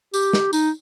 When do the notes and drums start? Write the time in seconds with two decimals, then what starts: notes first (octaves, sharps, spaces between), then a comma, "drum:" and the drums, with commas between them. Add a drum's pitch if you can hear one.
0.14 G4, drum: tambourine
0.33 drum: snare
0.53 D#4, drum: tambourine